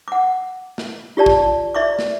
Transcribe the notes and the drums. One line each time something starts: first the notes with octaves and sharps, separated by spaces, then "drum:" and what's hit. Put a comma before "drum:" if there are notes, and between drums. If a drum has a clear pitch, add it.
F#5 D6
drum: snare
F4 G4 D5 A5
drum: kick
D5 E5 C#6 D6
drum: snare